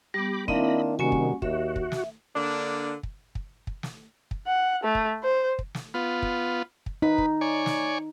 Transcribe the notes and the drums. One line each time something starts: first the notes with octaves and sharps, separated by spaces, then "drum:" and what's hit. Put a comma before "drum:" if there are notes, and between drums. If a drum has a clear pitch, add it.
G3 B3 G4 B5 D6
D#3 A#3 C4 D4 E4 D#5 E5 B5, drum: kick
C3 D#3 G3 A#3 C#4 F#4 G#5
drum: kick
D#2 F#4 E5, drum: kick
drum: kick
drum: snare
D3 A#3 D4
drum: kick
drum: kick
drum: kick
drum: snare
drum: kick
F#5
A3
drum: kick
C5
drum: kick
drum: snare
B3 F4
drum: kick
drum: kick
D#4 B4
drum: kick
C#5 D5 G#5
drum: snare